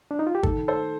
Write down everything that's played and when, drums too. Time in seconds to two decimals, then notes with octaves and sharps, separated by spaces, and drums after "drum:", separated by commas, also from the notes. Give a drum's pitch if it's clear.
0.11 D4
0.19 D#4
0.27 F4
0.35 G4
0.43 D#3 A4, drum: kick
0.68 A4 C5